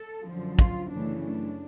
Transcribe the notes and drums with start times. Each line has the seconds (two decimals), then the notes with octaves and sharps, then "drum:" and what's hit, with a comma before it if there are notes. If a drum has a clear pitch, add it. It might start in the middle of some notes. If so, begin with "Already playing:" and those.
Already playing: A4
0.27 F#2 D3 F3
0.59 F4, drum: kick
0.90 F#2 C#3 E3 A3 D4
1.21 D4